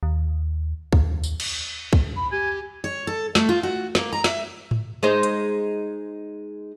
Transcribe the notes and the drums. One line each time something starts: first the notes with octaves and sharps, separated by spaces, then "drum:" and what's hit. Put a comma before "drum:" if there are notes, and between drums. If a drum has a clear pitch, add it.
D#2
D#2, drum: kick
drum: tambourine
drum: cymbal
drum: kick
B5
G4 G#5
C#5
A4
A3, drum: snare
F4
F#4
A#3, drum: snare
A#5
E5, drum: snare
drum: tom G#2
G#3 D#4 C5
drum: hi-hat